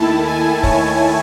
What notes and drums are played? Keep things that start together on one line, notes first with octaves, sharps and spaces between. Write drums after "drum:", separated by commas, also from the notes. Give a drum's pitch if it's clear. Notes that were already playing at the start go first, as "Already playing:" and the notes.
Already playing: D#2 D#3 A3 E4 A5
G#5
C#5, drum: kick